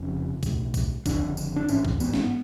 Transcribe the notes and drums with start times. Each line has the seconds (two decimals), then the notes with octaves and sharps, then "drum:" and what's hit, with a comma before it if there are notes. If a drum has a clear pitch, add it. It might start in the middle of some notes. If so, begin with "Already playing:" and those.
Already playing: F1 F2 C#3
0.43 B1 A2, drum: kick B1, tambourine
0.74 drum: kick B1, tambourine
1.06 F#1 F2 D3 D4, drum: kick B1, tambourine
1.37 drum: tambourine
1.56 D4
1.69 A1 G#2 C#4, drum: tambourine
1.85 drum: kick B1
2.00 B3, drum: tambourine
2.13 C#4, drum: snare
2.22 B3